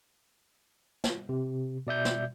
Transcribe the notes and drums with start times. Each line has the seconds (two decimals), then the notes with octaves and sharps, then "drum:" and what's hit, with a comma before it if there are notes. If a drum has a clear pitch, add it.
1.04 drum: snare
1.29 C3
1.87 B2 D5 E5 G6
2.05 drum: snare